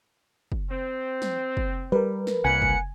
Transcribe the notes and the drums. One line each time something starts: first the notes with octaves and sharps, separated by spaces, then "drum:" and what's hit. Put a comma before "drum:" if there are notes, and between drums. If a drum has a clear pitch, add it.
drum: kick
C4
drum: snare
drum: kick
G3 A#4 B4
drum: snare
C2 A#3 B4 F#5 G#5 C#7
drum: kick